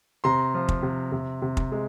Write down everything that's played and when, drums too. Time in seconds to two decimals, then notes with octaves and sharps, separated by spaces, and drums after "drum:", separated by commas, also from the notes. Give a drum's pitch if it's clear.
0.24 C3 A#5 C6
0.54 F3
0.68 drum: kick
0.83 C3
1.12 C3
1.42 C3
1.57 drum: kick
1.72 G#3